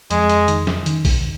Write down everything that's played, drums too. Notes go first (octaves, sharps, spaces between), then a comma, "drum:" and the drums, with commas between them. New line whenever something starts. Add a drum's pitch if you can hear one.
F2 G#3, drum: hi-hat
drum: hi-hat
D#3, drum: hi-hat
drum: snare
D#3, drum: hi-hat
drum: kick A#1, open hi-hat